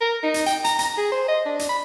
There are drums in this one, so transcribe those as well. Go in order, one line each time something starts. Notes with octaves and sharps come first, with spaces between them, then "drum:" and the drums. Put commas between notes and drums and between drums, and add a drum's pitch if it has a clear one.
A#4
D#4
drum: hi-hat
G5, drum: hi-hat
A#5, drum: hi-hat
A#5, drum: hi-hat
G#4
C5
D#5
D4
drum: hi-hat
B5